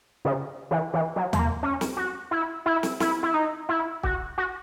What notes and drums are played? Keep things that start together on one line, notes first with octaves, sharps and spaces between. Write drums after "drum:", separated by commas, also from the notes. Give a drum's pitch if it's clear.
C#3
E3
E3
F#3
G#3, drum: tom D#2
A#3
C#4
drum: snare
F#4
E4
E4
drum: snare
E4, drum: snare
E4
D#4
E4
F#4, drum: kick
F#4